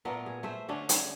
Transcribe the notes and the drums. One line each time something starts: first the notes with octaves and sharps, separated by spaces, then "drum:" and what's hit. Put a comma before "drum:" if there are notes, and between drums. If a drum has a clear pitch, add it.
A#2 A3 B3 A#4
G#4
A3 C5 E5
D3 A3 C#4 D4
G#4, drum: hi-hat